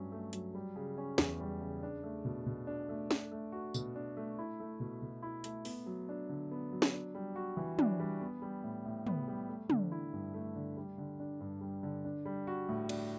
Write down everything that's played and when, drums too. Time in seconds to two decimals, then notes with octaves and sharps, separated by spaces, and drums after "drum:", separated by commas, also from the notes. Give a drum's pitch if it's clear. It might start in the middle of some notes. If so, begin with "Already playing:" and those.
Already playing: G2 F#3 A3 C#4
0.12 A3
0.33 F#3, drum: hi-hat
0.55 G3
0.76 C#3
0.98 C#4
1.18 E2, drum: snare
1.40 G3
1.61 C#3
1.83 D4
2.04 A3
2.25 B2
2.46 B2
2.67 D4
2.89 A3
3.11 D4, drum: snare
3.31 A3
3.52 F#4
3.74 B2, drum: tambourine
3.96 D4
4.17 A3
4.39 E4
4.60 A3
4.80 B2
5.02 B2
5.23 E4
5.44 A3, drum: hi-hat
5.65 B3, drum: open hi-hat
5.86 F#3
6.09 D4
6.29 D3
6.51 B3
6.72 F#3
6.82 drum: snare
6.93 D4
7.15 G3
7.36 F#4
7.57 E3
7.79 D4, drum: tom
8.00 G3
8.21 B3
8.42 G3
8.64 A2
8.85 A2
9.07 B3, drum: tom
9.28 G3
9.49 A3
9.70 D3, drum: tom
9.92 E4
10.13 G2
10.34 A3
10.55 D3
10.77 G3
10.98 D3
11.20 D4
11.40 G2
11.61 G3
11.83 D3
12.05 D4
12.25 G3
12.47 F#4
12.69 A2
12.89 D4, drum: cymbal